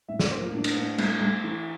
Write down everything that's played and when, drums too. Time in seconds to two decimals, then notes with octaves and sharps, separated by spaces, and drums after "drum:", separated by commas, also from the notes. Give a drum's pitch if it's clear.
0.08 A2 E5
0.19 D5, drum: snare
0.31 A#3 C5
0.42 F4
0.53 A2 D4
0.64 drum: cymbal
0.76 A2
0.98 A3, drum: cymbal
1.21 A3
1.44 E3